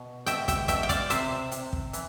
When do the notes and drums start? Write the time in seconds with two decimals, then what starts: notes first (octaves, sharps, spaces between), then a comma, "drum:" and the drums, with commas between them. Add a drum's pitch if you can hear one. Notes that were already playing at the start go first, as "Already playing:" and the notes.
Already playing: B2
0.26 B2 E5 G5, drum: hi-hat
0.48 E5 G5, drum: kick, hi-hat
0.68 B2 E5 G5, drum: kick, hi-hat
0.83 G5
0.89 D5 F5, drum: kick, hi-hat
1.10 C3 C5 E5, drum: hi-hat
1.52 C3, drum: hi-hat
1.73 drum: kick
1.93 E3, drum: hi-hat